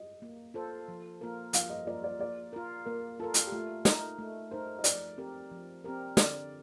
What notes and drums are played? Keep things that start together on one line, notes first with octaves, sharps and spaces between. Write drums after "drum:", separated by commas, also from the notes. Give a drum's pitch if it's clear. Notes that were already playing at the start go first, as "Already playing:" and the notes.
Already playing: D#5
A#3
F4 A4 C5
F3
A#3 F4 A#4
F3 F5, drum: hi-hat
D#5
A#3 F4 A#4 D5
D5
A#3 D5
F4 A#4
A#3 A#4
F4 A4 A#4
drum: hi-hat
G4
A3 F4
D#4 A#4, drum: snare
A3
D#4 A#4 C5
D#5
F3 D5, drum: hi-hat
C4 G4 A#4
F3
C4 G4 A#4
D3 D5, drum: snare